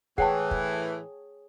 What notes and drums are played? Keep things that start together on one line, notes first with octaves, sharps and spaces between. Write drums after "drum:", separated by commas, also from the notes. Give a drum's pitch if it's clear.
A2 E3 G#4 C#5 F#5 G5 A5, drum: kick
drum: kick